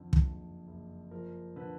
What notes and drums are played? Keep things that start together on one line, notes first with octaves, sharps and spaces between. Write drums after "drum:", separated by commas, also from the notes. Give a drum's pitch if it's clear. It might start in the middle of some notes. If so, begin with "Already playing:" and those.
Already playing: F2 D3
drum: kick
F#1
F#1
F3 A#4
D3 B4